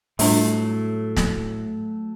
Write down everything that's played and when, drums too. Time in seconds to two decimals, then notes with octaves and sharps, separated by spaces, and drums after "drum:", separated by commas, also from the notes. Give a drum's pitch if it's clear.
0.19 A2 F#3 G3 A3 D4 F4, drum: open hi-hat
1.17 drum: snare